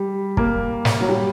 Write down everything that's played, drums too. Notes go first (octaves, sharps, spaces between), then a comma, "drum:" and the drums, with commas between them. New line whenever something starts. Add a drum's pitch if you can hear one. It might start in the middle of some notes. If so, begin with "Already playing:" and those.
Already playing: G3
A#3, drum: kick
drum: snare
F#3
G3